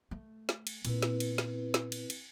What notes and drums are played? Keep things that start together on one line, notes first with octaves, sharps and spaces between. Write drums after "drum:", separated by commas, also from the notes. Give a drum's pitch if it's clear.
A3
drum: snare
drum: cymbal
A#2 B3 C4 E4 B4, drum: cymbal
drum: snare
drum: cymbal
drum: snare
drum: snare
drum: cymbal
drum: cymbal